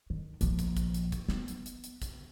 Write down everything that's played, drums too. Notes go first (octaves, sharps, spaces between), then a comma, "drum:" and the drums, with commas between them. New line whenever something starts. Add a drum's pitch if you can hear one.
D#3
A#1 F3, drum: hi-hat
drum: kick, hi-hat
drum: kick, hi-hat
drum: hi-hat
drum: kick, hi-hat
B3, drum: snare
drum: hi-hat
drum: hi-hat
drum: hi-hat
drum: kick, hi-hat